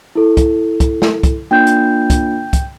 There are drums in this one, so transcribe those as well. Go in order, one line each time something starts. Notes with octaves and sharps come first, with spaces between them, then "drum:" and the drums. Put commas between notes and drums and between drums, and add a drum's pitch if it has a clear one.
E4 A4
drum: kick, hi-hat
drum: kick, hi-hat
drum: snare
drum: kick, hi-hat
A#3 D4 F4 G5 G6
drum: hi-hat
drum: kick, hi-hat
drum: kick, hi-hat